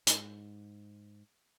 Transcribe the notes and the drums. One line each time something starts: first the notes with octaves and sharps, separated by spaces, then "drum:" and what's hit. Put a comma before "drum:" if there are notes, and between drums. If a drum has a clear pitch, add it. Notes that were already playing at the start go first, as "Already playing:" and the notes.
G#2, drum: hi-hat